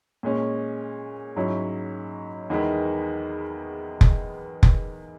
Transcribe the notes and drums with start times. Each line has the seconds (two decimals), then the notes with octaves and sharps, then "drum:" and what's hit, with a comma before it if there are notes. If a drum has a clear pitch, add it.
0.23 A#2 G#3 C#4
1.36 G#2 F#3 C#4 E4
2.50 E2 D#3 G#3 B3 E4
4.01 drum: kick F1
4.63 drum: kick F1